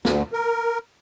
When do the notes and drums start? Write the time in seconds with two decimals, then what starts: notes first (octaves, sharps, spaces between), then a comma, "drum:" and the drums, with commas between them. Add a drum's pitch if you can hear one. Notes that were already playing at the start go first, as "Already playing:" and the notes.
0.05 D2, drum: snare
0.33 A#4